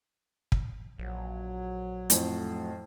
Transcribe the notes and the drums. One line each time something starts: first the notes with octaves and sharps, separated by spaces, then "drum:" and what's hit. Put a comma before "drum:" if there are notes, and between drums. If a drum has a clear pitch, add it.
drum: kick
A#1 F#3
F2 A2, drum: hi-hat